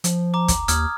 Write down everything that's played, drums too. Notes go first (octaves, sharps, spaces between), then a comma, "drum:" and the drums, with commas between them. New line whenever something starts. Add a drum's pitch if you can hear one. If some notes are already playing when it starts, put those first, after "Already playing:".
F3, drum: hi-hat
A#5 D6
drum: kick, hi-hat
D#2 D#6 F6 G#6, drum: hi-hat